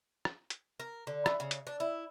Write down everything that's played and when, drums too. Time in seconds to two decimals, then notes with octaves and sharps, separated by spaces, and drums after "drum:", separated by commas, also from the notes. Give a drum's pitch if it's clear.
0.25 drum: rim click
0.50 drum: hi-hat
0.80 A#4
1.07 D3
1.26 E3, drum: rim click
1.40 C#3
1.51 drum: hi-hat
1.67 D4
1.80 E4